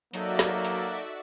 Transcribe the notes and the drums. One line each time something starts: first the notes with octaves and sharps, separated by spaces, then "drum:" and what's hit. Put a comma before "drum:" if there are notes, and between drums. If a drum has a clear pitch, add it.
F#3 A#3 D#4 F#4 A4 D5 E5, drum: hi-hat
drum: snare
drum: hi-hat